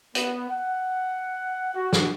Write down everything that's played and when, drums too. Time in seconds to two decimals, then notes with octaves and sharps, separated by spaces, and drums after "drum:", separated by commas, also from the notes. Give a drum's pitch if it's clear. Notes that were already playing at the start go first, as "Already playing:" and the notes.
0.15 B3, drum: hi-hat
0.49 F#5
1.74 F#4
1.93 drum: snare